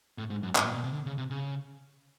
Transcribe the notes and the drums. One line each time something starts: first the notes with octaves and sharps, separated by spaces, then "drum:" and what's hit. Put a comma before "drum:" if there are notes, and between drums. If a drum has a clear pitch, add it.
A2
G#2
F#2
G2, drum: clap
A#2
B2
C3
D3
C#3
C3
C#3